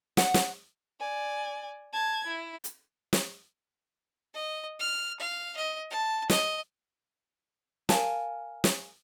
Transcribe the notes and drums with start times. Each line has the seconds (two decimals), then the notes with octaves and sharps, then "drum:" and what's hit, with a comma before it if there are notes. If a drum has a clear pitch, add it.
0.17 F#5, drum: snare
0.34 drum: snare
1.00 D5 G#5
1.93 A5 G#6
2.27 E4
2.64 drum: hi-hat
3.13 drum: snare
4.34 D#5
4.79 F6
5.19 F5
5.56 D#5
5.90 A5
6.30 D#5, drum: snare
7.89 A#4 F5 G#5 A5, drum: snare
8.64 drum: snare